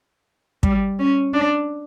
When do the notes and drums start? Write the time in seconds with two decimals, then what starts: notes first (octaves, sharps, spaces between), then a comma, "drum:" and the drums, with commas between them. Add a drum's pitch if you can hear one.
0.63 G3, drum: kick
0.99 C#4
1.33 D4